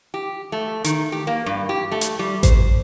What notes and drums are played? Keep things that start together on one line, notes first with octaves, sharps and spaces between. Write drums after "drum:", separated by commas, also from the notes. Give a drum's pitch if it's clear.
G4
A3
D#3, drum: hi-hat
G4
A#3
G2
G4
A3
drum: hi-hat
G3
C5, drum: kick A1, hi-hat